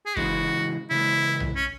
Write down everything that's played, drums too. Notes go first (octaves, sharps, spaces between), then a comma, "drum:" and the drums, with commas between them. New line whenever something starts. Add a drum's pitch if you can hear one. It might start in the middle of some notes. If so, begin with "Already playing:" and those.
G#4
C#3 E3 G#3 F#4, drum: kick
C#3 E3 G#3 E4
drum: tom B1
C#4